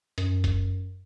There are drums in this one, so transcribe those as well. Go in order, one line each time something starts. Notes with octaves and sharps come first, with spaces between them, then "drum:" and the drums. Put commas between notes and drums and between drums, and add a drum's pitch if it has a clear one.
F#2, drum: hi-hat
drum: kick F#1, hi-hat